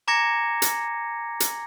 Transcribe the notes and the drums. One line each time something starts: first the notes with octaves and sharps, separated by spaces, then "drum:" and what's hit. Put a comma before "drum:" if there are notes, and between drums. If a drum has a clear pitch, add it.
G#5 A#5 D6 G#6 A#6 C#7
drum: hi-hat
drum: hi-hat